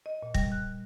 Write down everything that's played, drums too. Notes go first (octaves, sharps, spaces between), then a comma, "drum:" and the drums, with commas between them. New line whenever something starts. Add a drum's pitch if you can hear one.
D#5
A#2
G3, drum: kick
F#6